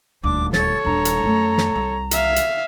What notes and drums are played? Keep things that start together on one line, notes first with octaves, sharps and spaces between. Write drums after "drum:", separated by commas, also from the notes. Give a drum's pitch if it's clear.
D#1 D2 D4 D6
A4 C#5 A6, drum: snare
D#1 D4 A#5
drum: hi-hat
F#2 A3
drum: snare
C2
E5 F5, drum: hi-hat
drum: hi-hat